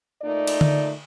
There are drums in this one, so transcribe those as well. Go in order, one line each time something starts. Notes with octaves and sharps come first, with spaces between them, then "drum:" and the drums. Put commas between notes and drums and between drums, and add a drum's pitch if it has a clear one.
A#2 A3 D#4 D5
drum: cymbal
drum: tom D3